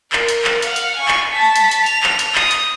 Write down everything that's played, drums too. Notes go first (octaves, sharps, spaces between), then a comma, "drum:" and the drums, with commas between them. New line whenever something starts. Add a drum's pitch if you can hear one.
A#4, drum: clap
drum: hi-hat
drum: clap
F5 F#5, drum: hi-hat
drum: hi-hat
G#5 C#6
drum: clap
A5 B6
drum: hi-hat
drum: hi-hat
F7, drum: hi-hat
drum: clap
drum: hi-hat
D#6, drum: clap
drum: hi-hat